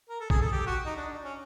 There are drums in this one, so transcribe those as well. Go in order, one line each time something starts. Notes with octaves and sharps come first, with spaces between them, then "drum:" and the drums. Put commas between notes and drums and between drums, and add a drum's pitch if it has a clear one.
A#4
A4
G#4, drum: kick
A4
G4
F#4
D#4
D4
C#4